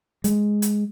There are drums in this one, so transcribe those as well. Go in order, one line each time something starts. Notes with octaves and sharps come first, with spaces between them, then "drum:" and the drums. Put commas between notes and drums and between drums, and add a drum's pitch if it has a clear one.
G#3, drum: hi-hat
drum: hi-hat